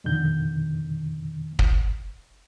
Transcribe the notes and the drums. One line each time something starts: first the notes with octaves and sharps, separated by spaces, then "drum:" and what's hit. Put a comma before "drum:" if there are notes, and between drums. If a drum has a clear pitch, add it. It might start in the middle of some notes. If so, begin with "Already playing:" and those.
F2 B2 D3 D#3 G6
drum: kick